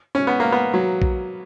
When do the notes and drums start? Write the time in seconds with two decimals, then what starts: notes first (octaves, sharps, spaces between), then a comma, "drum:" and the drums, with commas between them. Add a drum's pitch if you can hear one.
0.15 C#4
0.27 B3
0.40 A#3
0.52 B3
0.74 F#3
1.02 drum: kick A#1